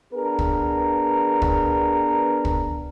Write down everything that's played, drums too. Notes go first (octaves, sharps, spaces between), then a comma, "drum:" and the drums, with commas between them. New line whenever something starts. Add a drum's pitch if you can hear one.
B3 D4 G#4 A#4 B4
drum: kick
drum: kick
drum: kick